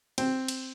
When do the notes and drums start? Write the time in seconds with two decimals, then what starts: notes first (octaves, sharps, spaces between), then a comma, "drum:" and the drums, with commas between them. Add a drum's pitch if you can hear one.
0.18 C4, drum: cymbal
0.48 drum: cymbal